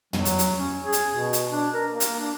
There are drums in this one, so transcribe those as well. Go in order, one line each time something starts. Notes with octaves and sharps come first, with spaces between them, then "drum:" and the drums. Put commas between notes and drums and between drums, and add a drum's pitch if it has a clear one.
F#3, drum: tom
drum: hi-hat
drum: hi-hat
C#4
G#4
drum: hi-hat
B2
drum: hi-hat
D4
A#4
A#3
drum: hi-hat
D4